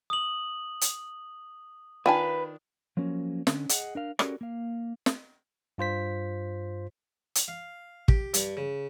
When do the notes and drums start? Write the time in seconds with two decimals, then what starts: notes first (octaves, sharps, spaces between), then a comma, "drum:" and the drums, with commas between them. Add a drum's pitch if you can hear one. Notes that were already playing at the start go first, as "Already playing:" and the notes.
0.10 D#6 F#7
0.81 drum: hi-hat
2.06 D#3 D4 F4 B4 G#5 A5
2.97 F3 F#3 A#3 C#4
3.47 D3 C#4, drum: snare
3.69 G#4 D#5 F#5, drum: hi-hat
3.95 D4 A#4 F5
4.19 C#4 F#4 G4 A4 A#4 D5, drum: rim click
4.41 A#3 F5
5.06 drum: snare
5.78 G2 F4 C5 B6
7.35 drum: hi-hat
7.48 F5
8.08 G4, drum: kick
8.34 G2, drum: hi-hat
8.57 C#3